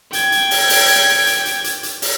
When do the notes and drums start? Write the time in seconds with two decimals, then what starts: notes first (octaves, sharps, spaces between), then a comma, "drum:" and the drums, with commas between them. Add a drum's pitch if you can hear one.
0.13 G5 G#6, drum: hi-hat
0.32 drum: hi-hat
0.51 drum: open hi-hat
0.70 drum: open hi-hat
1.26 drum: hi-hat
1.45 drum: hi-hat
1.64 drum: hi-hat
1.83 drum: hi-hat
2.02 drum: open hi-hat